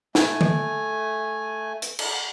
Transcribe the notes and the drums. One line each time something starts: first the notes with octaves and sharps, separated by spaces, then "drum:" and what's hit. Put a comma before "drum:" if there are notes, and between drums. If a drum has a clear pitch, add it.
A3 G#5, drum: snare
drum: tom D3
drum: hi-hat
drum: cymbal